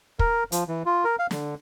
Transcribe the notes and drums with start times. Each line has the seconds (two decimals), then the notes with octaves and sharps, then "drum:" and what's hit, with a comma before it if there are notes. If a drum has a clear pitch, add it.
0.19 A#4, drum: kick
0.52 F3, drum: hi-hat
0.68 E3
0.86 F4
1.04 A#4
1.19 F5
1.31 D3, drum: snare